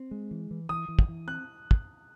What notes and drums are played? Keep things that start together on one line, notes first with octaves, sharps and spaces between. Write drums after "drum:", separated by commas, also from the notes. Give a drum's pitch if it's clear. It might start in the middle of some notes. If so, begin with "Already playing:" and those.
Already playing: C4
G#3
E3
E3
E3 D#6
E3
drum: kick
E3
C4 F#6
drum: kick